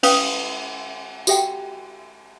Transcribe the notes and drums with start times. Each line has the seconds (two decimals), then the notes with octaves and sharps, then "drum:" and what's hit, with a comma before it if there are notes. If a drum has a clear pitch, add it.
0.03 C#4 B4 F5 D#6, drum: cymbal
1.27 F#4 G4 A4 E5 F#5 G5, drum: tambourine